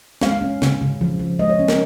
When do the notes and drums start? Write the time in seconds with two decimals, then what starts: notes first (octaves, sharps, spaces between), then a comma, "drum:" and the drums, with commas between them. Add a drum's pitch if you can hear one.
0.21 G#3 F5, drum: snare
0.42 C#4
0.62 C#3, drum: snare
0.81 C#3
1.01 F3
1.19 F3
1.39 G#3 D#5
1.49 C#5
1.59 C#4
1.68 A#4, drum: snare